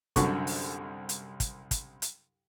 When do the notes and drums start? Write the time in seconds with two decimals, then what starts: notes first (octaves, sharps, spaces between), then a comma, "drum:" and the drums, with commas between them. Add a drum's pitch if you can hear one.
0.16 C2 F#2 D3 F#4 A4 C#6, drum: kick, hi-hat
0.47 drum: open hi-hat
1.09 drum: hi-hat
1.40 drum: kick, hi-hat
1.71 drum: kick, hi-hat
2.02 drum: hi-hat